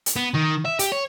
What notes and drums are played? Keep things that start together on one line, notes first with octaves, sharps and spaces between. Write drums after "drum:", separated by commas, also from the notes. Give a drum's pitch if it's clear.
drum: hi-hat
B3
D#3
E5
G4, drum: hi-hat
C#5